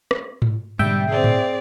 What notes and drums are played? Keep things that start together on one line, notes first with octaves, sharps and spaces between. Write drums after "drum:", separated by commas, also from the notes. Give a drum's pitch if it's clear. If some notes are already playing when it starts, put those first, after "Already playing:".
drum: rim click
drum: tom G#2
G#2 B2 D3 G3 E5 G5, drum: tom
C4 G#4 D5
drum: tom G#2